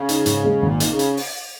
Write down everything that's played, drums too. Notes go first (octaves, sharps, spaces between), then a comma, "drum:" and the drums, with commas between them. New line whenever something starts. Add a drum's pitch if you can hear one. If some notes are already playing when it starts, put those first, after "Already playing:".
Already playing: C#3
D#4, drum: hi-hat
G#2, drum: hi-hat
G#3
G#1 A#2
D#4, drum: hi-hat
C#3
drum: hi-hat
drum: open hi-hat